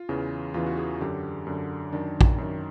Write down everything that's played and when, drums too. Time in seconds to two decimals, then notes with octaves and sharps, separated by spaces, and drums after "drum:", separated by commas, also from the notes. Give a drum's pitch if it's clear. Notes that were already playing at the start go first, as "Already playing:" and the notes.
Already playing: F4
0.09 E2 C#3 E3
0.54 E2 C#3 E3 F4
0.66 F#4
0.77 G#4
1.01 F#2 D3 G4
1.47 F#2 D3
1.93 F#2 D#3 D4
2.21 drum: kick
2.38 F#2 D#3